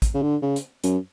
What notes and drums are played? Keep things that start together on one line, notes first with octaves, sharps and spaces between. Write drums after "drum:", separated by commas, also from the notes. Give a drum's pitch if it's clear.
drum: kick, hi-hat
C#3
D3
C#3
drum: hi-hat
F#2, drum: hi-hat